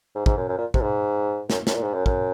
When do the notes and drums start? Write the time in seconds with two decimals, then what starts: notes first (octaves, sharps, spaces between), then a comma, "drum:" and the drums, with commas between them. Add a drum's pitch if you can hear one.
0.15 G#2
0.26 G#2, drum: kick
0.37 F#2
0.49 F#2
0.58 A#2
0.74 C3, drum: kick
0.82 G#2
1.50 F#2, drum: snare
1.67 F#2, drum: snare
1.75 A#2
1.83 G#2
1.94 F#2
2.06 F#2, drum: kick